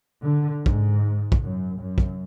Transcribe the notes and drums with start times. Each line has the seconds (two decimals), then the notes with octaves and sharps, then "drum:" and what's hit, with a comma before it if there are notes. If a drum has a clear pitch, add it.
0.23 D3
0.66 G#2, drum: kick
1.32 drum: kick
1.44 F#2
1.81 F#2
1.98 drum: kick